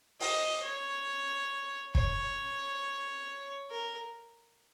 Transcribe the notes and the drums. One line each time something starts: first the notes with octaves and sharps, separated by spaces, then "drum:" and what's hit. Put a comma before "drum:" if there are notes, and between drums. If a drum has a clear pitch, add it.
D#5, drum: open hi-hat
C#5
C#5, drum: kick
A#4